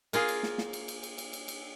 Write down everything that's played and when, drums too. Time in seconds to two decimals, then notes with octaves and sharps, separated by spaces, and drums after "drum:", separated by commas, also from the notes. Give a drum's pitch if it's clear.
0.13 A#3 F4 G#4, drum: cymbal
0.28 drum: cymbal
0.43 drum: snare
0.58 drum: snare
0.73 drum: cymbal
0.88 drum: cymbal
1.03 drum: cymbal
1.18 drum: cymbal
1.33 drum: cymbal
1.48 drum: cymbal